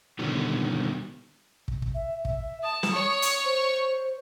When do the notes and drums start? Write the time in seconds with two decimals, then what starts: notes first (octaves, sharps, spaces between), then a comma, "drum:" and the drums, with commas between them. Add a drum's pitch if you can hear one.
0.19 B2 D3 D#3 G3
1.68 drum: kick
1.82 drum: kick
1.95 E5
2.25 E5, drum: kick
2.63 A5 D#6
2.83 drum: snare
2.92 C#5 C#6
3.22 drum: hi-hat
3.45 C5